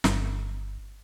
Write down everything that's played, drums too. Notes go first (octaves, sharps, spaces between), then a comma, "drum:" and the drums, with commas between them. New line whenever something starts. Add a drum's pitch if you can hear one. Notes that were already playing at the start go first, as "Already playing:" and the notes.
G1, drum: snare